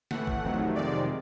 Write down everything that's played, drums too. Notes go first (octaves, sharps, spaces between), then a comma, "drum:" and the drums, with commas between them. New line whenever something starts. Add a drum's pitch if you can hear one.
A2 E3 A3 F#5, drum: snare
drum: kick
F2 C3 D#3 F#3 A3
F2 C3 D#3 G#3 D5